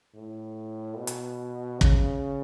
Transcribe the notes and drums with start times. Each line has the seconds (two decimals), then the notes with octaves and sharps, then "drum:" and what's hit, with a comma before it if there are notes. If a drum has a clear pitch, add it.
0.14 A2
0.97 B2
1.07 drum: hi-hat
1.81 C#3, drum: kick